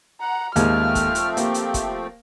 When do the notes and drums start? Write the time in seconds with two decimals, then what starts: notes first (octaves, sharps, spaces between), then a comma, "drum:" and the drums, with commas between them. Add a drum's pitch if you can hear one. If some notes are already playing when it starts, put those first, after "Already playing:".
0.21 F#5 A#5
0.56 D#2 F3 G#3 A3 C4 F6, drum: hi-hat
0.95 drum: kick, hi-hat
1.15 drum: hi-hat
1.37 A#3 G4, drum: hi-hat
1.54 drum: hi-hat
1.74 drum: kick, hi-hat